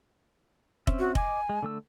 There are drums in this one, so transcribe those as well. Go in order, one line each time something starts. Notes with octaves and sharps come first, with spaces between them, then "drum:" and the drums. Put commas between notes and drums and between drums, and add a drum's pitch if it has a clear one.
C4 C#4 E5, drum: kick F1
F#4
D#5 G#5 D6, drum: kick F1
G#3
D3 A3 E6